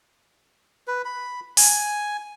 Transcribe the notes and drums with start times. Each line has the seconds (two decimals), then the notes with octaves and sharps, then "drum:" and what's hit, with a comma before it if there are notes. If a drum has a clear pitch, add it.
0.87 B4
1.05 B5
1.57 G#5, drum: open hi-hat